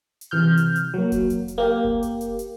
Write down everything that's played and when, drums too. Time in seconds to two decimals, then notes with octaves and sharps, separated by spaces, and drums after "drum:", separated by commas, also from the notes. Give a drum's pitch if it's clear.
0.21 drum: hi-hat
0.31 C3 E3 F6 G6
0.57 drum: hi-hat
0.76 drum: hi-hat
0.94 F#3 A#3
1.12 drum: kick F1, hi-hat
1.30 drum: hi-hat
1.48 drum: hi-hat
1.58 A#3 G4
1.84 drum: kick F1
2.03 drum: hi-hat
2.21 drum: hi-hat
2.39 drum: hi-hat